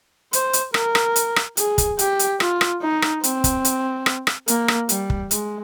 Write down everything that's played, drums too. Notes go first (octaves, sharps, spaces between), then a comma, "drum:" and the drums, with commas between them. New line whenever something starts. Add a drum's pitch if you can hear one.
C5, drum: hi-hat
drum: hi-hat
A#4, drum: rim click
drum: rim click
drum: hi-hat
drum: rim click
G#4, drum: hi-hat
drum: kick, hi-hat
G4, drum: hi-hat
drum: hi-hat
F4, drum: rim click
drum: rim click
D#4
drum: rim click
C4, drum: hi-hat
drum: kick, hi-hat
drum: hi-hat
drum: rim click
drum: rim click
A#3, drum: hi-hat
drum: rim click
G3, drum: hi-hat
drum: kick
G#3, drum: hi-hat